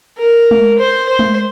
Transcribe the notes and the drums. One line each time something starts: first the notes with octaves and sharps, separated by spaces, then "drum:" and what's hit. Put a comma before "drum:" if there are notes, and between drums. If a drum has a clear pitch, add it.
A#4
drum: tom G#3
C5
C5
drum: tom G#3